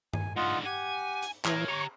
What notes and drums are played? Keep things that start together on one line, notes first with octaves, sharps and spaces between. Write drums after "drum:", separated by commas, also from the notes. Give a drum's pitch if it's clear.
G#5, drum: tom G2
G#2 D3 F4 D#5 F#5
G4 F#5 G#5
drum: hi-hat
E3 F4 A#4 C#5, drum: clap
G4 A#5 C#6